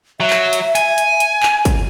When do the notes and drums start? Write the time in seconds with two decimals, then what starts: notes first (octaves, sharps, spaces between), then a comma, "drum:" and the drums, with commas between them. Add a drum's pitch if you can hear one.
0.20 F#3 E5
0.30 drum: clap
0.53 drum: hi-hat
0.75 G#5, drum: hi-hat
0.98 drum: hi-hat
1.20 drum: hi-hat
1.43 drum: clap
1.65 drum: kick, hi-hat